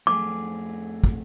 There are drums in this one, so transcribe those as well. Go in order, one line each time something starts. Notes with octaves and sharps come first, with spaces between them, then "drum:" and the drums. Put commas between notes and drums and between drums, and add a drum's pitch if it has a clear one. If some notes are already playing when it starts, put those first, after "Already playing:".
F2 A3 G#4 D6
drum: kick